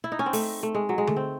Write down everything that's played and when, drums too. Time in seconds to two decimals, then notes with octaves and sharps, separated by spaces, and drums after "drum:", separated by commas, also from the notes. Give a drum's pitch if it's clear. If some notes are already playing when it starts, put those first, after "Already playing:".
0.04 E4
0.12 D#4
0.19 C#4
0.26 C4
0.33 A3, drum: open hi-hat
0.63 A3
0.74 G#3
0.89 F#3
0.98 G#3
1.07 A3, drum: tom D3
1.16 C4